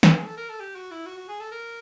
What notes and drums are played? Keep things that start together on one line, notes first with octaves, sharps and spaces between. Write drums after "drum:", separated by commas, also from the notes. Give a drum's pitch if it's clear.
drum: snare
G#4
A4
A#4
A4
G4
F#4
E4
F#4
F#4
G#4
A4
A#4